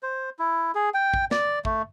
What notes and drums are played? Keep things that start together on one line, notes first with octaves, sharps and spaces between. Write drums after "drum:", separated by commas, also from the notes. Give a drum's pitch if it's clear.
C5
E4
G#4
G5
drum: kick
D5, drum: snare
A3, drum: kick